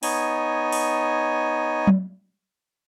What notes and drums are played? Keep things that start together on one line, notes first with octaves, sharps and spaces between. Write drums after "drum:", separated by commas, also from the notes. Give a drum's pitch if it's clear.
B3 D#4 C#5 D#5 G#5, drum: open hi-hat
drum: open hi-hat
drum: tom F#3